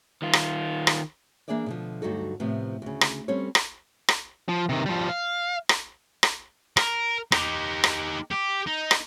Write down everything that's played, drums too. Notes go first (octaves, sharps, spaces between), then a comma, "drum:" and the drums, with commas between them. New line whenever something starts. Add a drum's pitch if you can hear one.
D#3 F4
drum: rim click
drum: rim click
E3 A#3 D4 G#4 D5 E5
B2 D3 F3
D2 G2 F#3 D#4 F#4 A4
A2 C3 F3 B3
D2 C#3
drum: rim click
G3 C4 C#4 A4 C#5
drum: rim click
drum: rim click
F3
C3 D#3
F3 G3
F5
drum: rim click
drum: rim click
A#4, drum: rim click
D#4 G4, drum: rim click
drum: rim click
G4
D#4
drum: rim click